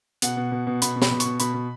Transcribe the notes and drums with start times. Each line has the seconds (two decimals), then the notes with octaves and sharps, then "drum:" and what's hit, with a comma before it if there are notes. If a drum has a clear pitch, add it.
0.22 B2 F#5, drum: hi-hat
0.37 B2
0.52 B2
0.67 B2
0.82 B2 B5, drum: hi-hat
0.96 B2
1.02 B5, drum: snare
1.11 B2
1.20 C#6, drum: hi-hat
1.25 B2
1.40 B2 B5, drum: hi-hat
1.54 B2